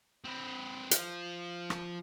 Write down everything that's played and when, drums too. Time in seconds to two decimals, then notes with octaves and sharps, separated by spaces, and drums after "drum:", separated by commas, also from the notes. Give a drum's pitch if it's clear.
0.24 C4 B4
0.91 F3, drum: hi-hat
1.70 drum: rim click